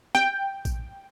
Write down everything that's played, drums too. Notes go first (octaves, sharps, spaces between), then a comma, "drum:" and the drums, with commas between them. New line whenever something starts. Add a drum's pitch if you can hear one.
G5, drum: snare
drum: kick A#1, tambourine